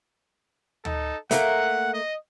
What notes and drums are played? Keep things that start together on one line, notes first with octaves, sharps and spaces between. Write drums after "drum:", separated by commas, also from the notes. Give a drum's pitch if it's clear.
D#4 A4, drum: tom D2
A3 A#3 A#4 F#5, drum: hi-hat
D#5